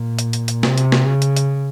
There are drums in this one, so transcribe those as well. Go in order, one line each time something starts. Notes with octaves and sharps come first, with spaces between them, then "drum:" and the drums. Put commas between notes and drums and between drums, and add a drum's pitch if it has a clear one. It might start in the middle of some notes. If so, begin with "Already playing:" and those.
Already playing: A#2
drum: hi-hat
drum: hi-hat
drum: hi-hat
C3, drum: snare
drum: hi-hat
drum: snare
C#3
drum: hi-hat
drum: hi-hat